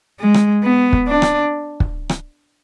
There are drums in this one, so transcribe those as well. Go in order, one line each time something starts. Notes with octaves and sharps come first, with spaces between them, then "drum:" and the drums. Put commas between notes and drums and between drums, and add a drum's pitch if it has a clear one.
G#3
drum: rim click
B3
drum: kick
D4
drum: rim click
drum: kick
drum: rim click